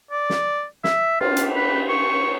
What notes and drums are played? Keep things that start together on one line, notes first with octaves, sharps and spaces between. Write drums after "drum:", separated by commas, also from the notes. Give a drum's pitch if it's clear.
D5
drum: snare
E5, drum: snare
F4, drum: cymbal
drum: hi-hat
B4
C#6